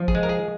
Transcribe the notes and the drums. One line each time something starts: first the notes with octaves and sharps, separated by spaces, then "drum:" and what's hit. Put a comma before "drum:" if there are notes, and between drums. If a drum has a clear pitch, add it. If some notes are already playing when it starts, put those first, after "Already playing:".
Already playing: F3
G#4, drum: kick
G#3
A#4
G#4